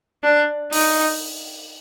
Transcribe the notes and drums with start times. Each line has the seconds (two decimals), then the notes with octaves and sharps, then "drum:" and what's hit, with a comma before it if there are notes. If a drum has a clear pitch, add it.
0.24 D4
0.73 D#4, drum: open hi-hat